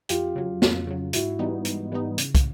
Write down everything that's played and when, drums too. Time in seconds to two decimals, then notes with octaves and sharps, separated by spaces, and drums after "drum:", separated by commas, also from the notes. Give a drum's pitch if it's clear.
0.09 F2 F4 G4, drum: hi-hat
0.36 C#3 F#3
0.62 F2, drum: snare
0.87 C#3 F#3
1.13 G#2 E4 F#4, drum: hi-hat
1.39 E3 G3 B3 D#4
1.65 G#2, drum: hi-hat
1.92 E3 G3 B3 D#4
2.18 C#3, drum: hi-hat
2.35 drum: kick, hi-hat